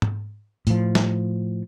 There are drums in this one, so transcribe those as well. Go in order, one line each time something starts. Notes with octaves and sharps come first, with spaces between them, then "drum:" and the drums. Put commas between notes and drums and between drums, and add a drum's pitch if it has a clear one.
drum: tom G#2
A2 F3, drum: hi-hat
drum: snare